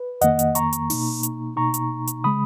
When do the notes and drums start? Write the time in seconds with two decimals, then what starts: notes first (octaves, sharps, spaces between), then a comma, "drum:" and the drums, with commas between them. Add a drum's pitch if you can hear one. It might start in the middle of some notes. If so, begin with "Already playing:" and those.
Already playing: B4
0.21 F2 D#3 A#3 D#5 F#5, drum: hi-hat
0.39 drum: hi-hat
0.55 A#5 C#6, drum: hi-hat
0.73 drum: hi-hat
0.90 B2 A#3 D#4, drum: open hi-hat
1.23 drum: hi-hat
1.56 B2 A#3 D#4 A#5 C#6
1.74 drum: hi-hat
2.07 drum: hi-hat
2.24 C#3 G#3 B5 D#6